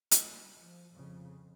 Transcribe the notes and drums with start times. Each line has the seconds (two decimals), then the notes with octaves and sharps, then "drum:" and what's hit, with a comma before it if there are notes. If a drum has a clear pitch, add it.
0.11 drum: hi-hat
0.25 G3
0.60 F3
0.95 F2 C#3 F3